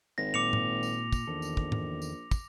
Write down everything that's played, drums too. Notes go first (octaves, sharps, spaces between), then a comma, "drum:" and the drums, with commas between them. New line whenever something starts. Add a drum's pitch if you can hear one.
G#1 A#6
A#2 D6 C#7 F7
drum: tom G#2
drum: tambourine
drum: kick, tambourine
A#1 E2 D#3 A4
drum: tambourine
drum: kick
drum: tom G#2
drum: tambourine
drum: kick, tambourine